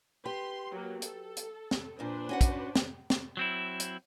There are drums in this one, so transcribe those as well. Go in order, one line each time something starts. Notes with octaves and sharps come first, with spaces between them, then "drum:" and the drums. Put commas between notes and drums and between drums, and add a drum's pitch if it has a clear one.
G4 B4 C6
F#3 A#3
A4, drum: hi-hat
drum: hi-hat
drum: snare
F2 A#2 D4 B4 C5
C#4 F#4 F#5
drum: kick, hi-hat
drum: snare
drum: snare
F#3 C4 E4
drum: hi-hat